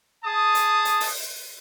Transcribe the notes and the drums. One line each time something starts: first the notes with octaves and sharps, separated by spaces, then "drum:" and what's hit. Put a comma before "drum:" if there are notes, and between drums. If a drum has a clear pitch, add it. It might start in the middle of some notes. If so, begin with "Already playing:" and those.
G#4 A5 D#6
drum: hi-hat
drum: hi-hat
drum: open hi-hat